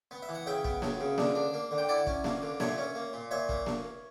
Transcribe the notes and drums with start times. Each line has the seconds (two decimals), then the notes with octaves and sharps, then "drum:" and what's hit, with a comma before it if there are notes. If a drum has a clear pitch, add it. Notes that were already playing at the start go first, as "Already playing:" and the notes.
0.11 B3
0.22 E5
0.29 E3
0.34 F#5
0.46 C#3 E5 G5
0.64 B3, drum: kick
0.82 F#3, drum: snare A#3
1.00 C#3
1.18 D3, drum: snare A#3
1.35 D4
1.53 A#3
1.71 D3
1.78 G5
1.89 E4 D5 F#5
2.07 C#4, drum: kick
2.24 A#3, drum: snare A#3
2.42 D3
2.60 A#2 C#5 E5, drum: snare A#3
2.78 C#4
2.95 A#3
3.13 A#2
3.31 A#2 C#5 E5
3.49 A#3, drum: kick
3.66 drum: snare A#3